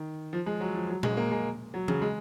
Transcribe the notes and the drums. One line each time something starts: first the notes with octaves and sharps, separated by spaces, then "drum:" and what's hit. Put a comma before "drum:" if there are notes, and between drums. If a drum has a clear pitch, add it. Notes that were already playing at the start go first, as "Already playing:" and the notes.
Already playing: D#3
F3
G#3
F#3
F3
F#3
G#3, drum: tom A#2
A#3
G#3
F#3
C#3, drum: tom E3
G#3